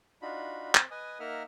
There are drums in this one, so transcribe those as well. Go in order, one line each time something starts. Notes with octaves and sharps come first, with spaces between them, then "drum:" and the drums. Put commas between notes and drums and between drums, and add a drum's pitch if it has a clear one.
D4 D#4 F4 F#4 B5
C4, drum: clap
B4 D#5 G#5 D#6
A#3 D#4 A#4 E5 F#5 F6